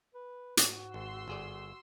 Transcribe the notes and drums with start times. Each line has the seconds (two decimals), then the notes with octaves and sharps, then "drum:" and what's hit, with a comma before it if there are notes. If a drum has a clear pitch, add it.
0.15 B4
0.57 G#2 F#4, drum: hi-hat
0.94 G#1 C6 E6
1.28 G1 G#4 D5